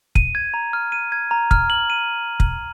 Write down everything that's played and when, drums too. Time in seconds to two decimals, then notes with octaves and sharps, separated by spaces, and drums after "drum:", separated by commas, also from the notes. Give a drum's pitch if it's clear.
0.15 D#7, drum: kick
0.35 G#6
0.54 A#5
0.73 F6
0.92 D#7
1.12 G#6
1.31 A#5
1.51 F6, drum: kick
1.70 F#7
1.90 D#7
2.40 drum: kick